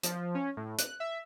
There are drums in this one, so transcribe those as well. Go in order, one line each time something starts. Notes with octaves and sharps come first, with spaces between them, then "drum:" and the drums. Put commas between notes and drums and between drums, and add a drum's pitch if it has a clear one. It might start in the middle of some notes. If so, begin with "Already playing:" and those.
F3, drum: hi-hat
C#4
A2
F#6, drum: hi-hat
E5